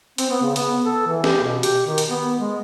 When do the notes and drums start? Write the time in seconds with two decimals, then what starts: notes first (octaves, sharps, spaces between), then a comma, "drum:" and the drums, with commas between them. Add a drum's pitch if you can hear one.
0.18 C4, drum: hi-hat
0.30 B3
0.42 C#3
0.56 B3, drum: hi-hat
0.85 A4
1.07 E3
1.24 G4, drum: snare
1.42 B2
1.63 G4, drum: hi-hat
1.87 D#3
1.98 drum: hi-hat
2.09 B3
2.37 G#3